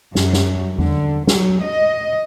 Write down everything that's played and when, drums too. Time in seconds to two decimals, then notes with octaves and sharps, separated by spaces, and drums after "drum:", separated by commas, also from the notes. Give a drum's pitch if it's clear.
0.15 F#2, drum: snare
0.33 drum: snare
0.78 D3, drum: tom E2
1.27 F#3, drum: snare
1.64 D#5